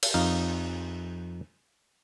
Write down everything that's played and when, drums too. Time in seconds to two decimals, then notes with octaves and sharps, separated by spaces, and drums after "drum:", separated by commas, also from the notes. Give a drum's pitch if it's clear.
0.03 drum: cymbal
0.14 F2 D#4 F5